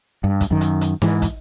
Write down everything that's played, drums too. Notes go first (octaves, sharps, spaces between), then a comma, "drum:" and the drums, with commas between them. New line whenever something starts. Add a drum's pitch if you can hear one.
G2
drum: kick, hi-hat
F#2 D#3
drum: hi-hat
drum: hi-hat
G#2 E3, drum: snare
drum: kick, hi-hat